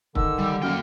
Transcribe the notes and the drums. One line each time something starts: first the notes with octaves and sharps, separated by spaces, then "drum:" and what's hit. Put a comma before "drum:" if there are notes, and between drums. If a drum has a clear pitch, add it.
D3 D#3 E6, drum: kick
G3
F#2 A#3 G5 F6